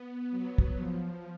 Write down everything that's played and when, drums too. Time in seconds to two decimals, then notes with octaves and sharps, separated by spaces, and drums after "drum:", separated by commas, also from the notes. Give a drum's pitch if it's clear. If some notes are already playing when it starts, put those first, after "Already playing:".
Already playing: B3
0.30 F#3
0.58 drum: kick
0.76 F3